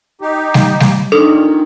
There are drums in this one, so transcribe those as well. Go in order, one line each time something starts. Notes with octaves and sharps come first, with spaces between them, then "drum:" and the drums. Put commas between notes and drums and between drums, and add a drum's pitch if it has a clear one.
D#4 G4
drum: snare
drum: snare
A#2 D#3 D4 D#4 A4 D#6